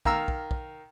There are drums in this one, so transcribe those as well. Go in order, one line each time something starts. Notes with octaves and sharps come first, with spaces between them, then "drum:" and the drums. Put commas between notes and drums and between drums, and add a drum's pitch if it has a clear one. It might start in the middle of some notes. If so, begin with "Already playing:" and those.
D#3 F5 A#5 E6, drum: kick
drum: kick
drum: kick